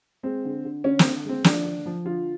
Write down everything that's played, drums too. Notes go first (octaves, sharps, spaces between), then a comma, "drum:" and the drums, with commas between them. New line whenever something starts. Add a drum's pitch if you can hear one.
G#3 C4
D3
D3
D3 C#4
C4, drum: snare
D3
G#3 C4
F3 D4, drum: snare
D3
F3
D3 F4